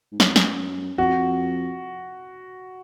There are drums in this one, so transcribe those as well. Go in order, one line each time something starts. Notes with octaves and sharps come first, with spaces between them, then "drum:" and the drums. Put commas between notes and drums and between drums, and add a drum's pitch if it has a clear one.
G#2
F#2, drum: snare
F2
F#2, drum: snare
F2 F#4